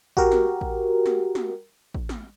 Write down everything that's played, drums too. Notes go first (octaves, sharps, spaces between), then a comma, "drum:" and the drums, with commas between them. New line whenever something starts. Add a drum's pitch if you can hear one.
F#4 G4 A#4, drum: kick A1
drum: snare
drum: kick A1
drum: snare
drum: snare
drum: kick A1
drum: snare